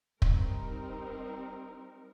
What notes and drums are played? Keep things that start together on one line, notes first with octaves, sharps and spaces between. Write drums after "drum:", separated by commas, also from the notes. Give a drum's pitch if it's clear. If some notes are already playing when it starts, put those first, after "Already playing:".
G3 C4 D#4 A#4, drum: kick